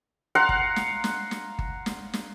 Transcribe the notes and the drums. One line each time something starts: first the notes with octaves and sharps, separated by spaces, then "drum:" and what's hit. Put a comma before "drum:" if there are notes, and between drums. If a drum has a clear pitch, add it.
F5 F#5 A#5 C6
drum: kick G1
drum: snare
drum: snare
drum: snare
drum: kick G1
drum: snare
drum: snare